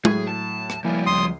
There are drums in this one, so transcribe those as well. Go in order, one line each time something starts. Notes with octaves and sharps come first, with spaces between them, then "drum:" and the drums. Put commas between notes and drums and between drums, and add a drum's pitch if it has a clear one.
A2 F#3 G#4, drum: tom
A5
drum: rim click
F3 G3 A#3 E4 G#5
C#2 C6 D#6 C7